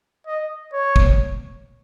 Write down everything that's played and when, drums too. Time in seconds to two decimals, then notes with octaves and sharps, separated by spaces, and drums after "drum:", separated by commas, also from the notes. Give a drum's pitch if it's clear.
0.27 D#5
0.73 C#5
0.96 drum: kick